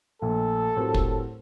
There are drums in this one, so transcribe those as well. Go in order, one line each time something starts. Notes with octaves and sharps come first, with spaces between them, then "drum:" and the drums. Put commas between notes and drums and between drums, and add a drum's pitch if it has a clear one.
A#1 A#2 A3 A4
A2 F#3 C4 G4 A#4
drum: kick